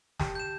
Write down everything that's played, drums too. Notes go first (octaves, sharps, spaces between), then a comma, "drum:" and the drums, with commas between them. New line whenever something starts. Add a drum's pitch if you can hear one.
G4 A5, drum: snare
G6 E7